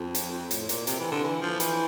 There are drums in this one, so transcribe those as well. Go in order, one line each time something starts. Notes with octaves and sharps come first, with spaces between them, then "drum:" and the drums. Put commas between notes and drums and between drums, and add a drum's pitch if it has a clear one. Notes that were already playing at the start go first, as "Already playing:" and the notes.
Already playing: F2
drum: hi-hat
A2, drum: hi-hat
A#2, drum: hi-hat
C3, drum: hi-hat
E3
D3
E3
F3
E3, drum: hi-hat